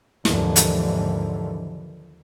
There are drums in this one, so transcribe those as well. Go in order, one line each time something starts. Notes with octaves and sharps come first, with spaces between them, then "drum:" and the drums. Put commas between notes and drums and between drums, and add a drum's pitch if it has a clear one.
D#2 G#2 D3 E3 F3, drum: snare
drum: hi-hat